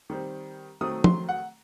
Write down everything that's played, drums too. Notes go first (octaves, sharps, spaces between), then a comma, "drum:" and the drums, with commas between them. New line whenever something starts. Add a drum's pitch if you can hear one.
D#3 G3 C4
D#3 F#3 A3 C4 D#6
C6, drum: tom
F#5